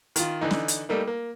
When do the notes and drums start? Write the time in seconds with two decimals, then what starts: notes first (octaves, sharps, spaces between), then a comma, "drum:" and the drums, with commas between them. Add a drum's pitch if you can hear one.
0.16 D#3 F4, drum: hi-hat
0.41 D3 E3 D#4
0.51 drum: snare
0.68 drum: hi-hat
0.89 G3 A3 A#3 D#4
1.07 A#3